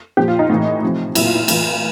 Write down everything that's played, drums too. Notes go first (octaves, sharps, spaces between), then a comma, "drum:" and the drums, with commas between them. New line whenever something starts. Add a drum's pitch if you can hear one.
A#2 F3 G4
F4
D#4
A2 E3
C3 F3
A#2 F#3 E4, drum: cymbal
F4
E4
A2 E3 F4, drum: cymbal